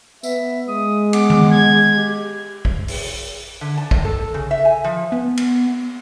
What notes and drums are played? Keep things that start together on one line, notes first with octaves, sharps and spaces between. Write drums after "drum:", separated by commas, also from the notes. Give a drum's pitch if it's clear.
B3 E5, drum: tambourine
G#3 D#6
B3 D6, drum: cymbal
drum: tom D#3
G#6
G4
drum: kick
drum: open hi-hat
D3
A5
C3, drum: kick
A4
C#3
E5
G#5
F3
B3
drum: cymbal